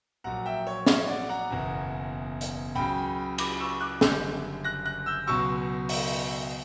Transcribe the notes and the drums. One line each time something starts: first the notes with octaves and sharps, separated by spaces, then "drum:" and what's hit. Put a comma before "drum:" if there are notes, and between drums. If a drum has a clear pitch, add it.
A#1 A#2 F#3 F#5 A#5
E5 G5
C#5
C#5 E5, drum: snare
D5 F#5
F#5 A#5
F#1 E2 B2
drum: hi-hat
C#2 C#3 F#3 G5 B5
B5 D6, drum: cymbal
C#6 E6
D6 F#6
F#1 F#2 D3 G3 E6 G6, drum: snare
F#6 A#6
F#6 A#6
E6 G6
C#2 B2 F#3 C#6 E6
drum: open hi-hat